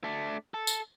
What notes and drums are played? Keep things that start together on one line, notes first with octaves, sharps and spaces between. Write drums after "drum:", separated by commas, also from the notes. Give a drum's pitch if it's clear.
A3 D4
A4
drum: tambourine